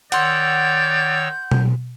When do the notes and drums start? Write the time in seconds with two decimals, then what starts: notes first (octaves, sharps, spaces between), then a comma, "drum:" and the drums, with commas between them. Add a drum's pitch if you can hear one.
0.12 D#3 C#5 D5 F#5 C6 E6 G6, drum: hi-hat
1.51 drum: tom B2